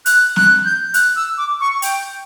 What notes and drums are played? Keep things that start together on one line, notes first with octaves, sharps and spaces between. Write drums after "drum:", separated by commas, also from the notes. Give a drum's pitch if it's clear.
F#6, drum: hi-hat
F#6, drum: snare
G6
F#6, drum: hi-hat
E6
D6
C#6
G5, drum: hi-hat